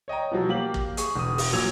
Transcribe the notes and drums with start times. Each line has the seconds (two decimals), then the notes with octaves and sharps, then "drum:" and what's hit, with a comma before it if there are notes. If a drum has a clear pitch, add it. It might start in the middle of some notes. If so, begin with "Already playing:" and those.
0.08 C#5 D#5 G5 A#5
0.31 B2 F3 F#3
0.48 A#3 G4 F5 F#7
0.74 drum: kick
0.97 G#4 C#6, drum: hi-hat
1.16 E1 D#6
1.38 drum: open hi-hat
1.53 A#2 F#3 E6 G#6 F7